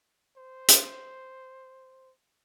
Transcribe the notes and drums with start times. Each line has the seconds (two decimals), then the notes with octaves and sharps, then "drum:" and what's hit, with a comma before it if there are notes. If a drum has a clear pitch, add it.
0.37 C5
0.68 drum: hi-hat